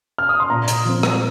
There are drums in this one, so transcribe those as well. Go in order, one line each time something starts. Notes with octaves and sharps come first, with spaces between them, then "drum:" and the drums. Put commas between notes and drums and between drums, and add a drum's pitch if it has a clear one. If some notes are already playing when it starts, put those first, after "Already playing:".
F6
D#6
C6
A#2 A#5
drum: hi-hat
F3 C4
drum: rim click